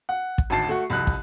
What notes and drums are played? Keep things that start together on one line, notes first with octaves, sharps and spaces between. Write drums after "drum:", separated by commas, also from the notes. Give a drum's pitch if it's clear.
F#5
drum: kick
G#1 D2 A5 C7
A3 F#4
C2 F2 F#6
drum: kick